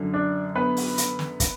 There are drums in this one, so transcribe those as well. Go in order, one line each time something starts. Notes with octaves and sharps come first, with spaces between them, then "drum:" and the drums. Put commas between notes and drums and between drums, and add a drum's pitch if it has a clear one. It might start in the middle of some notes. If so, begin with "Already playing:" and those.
Already playing: F#2 D3
D4 D5
B3 B4
drum: open hi-hat
drum: hi-hat
drum: snare
drum: kick, hi-hat